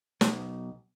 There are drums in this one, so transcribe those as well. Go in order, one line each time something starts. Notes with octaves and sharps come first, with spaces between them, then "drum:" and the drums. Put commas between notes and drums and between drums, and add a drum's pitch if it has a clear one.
B1, drum: snare